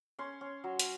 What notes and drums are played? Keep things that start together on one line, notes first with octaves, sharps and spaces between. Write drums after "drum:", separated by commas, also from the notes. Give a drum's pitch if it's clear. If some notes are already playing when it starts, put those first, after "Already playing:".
C#4 C6
C#4
F#3
drum: hi-hat